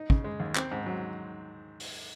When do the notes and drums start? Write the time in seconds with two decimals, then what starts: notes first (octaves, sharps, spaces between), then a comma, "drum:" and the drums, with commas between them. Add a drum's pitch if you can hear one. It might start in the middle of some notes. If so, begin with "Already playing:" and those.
Already playing: D#4
0.10 C#3, drum: kick
0.24 G#3
0.40 D#2
0.56 C4, drum: clap
0.71 G#2
0.86 F#3
1.80 drum: open hi-hat